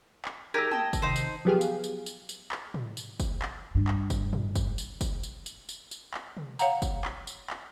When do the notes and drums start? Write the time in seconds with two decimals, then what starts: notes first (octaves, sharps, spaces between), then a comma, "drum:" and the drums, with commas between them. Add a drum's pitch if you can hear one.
0.25 drum: clap
0.54 D#4 G4 G#4 A#4 D#5 A5 E6 G#6
0.71 D#5 G5 A5 E6, drum: tom
0.93 drum: kick, tambourine
1.02 C3 D#3 D#4 C5
1.16 drum: tambourine
1.45 F3 F#3 B3 G4 G#4 F5
1.61 drum: tambourine
1.84 drum: tambourine
2.06 drum: tambourine
2.29 drum: tambourine
2.52 drum: clap
2.74 drum: tom
2.97 drum: tambourine
3.20 drum: kick, tambourine
3.42 drum: clap
3.75 G2 D4
3.88 drum: clap
4.10 drum: kick, tambourine
4.33 drum: tom
4.55 drum: kick, tambourine
4.78 drum: tambourine
5.01 drum: kick, tambourine
5.23 drum: tambourine
5.46 drum: tambourine
5.69 drum: tambourine
5.91 drum: tambourine
6.14 drum: clap
6.37 drum: tom
6.59 C#5 F5 F#5 A#5, drum: tambourine
6.82 drum: kick, tambourine
7.05 drum: clap
7.27 drum: tambourine
7.50 drum: clap